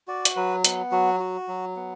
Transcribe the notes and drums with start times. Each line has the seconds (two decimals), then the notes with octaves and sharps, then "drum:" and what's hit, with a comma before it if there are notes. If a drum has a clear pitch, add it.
0.08 F#4 D5
0.25 drum: hi-hat
0.36 F#3 B4
0.65 B3, drum: hi-hat
0.92 F#3 F#4
1.20 F#4
1.48 F#3
1.76 B3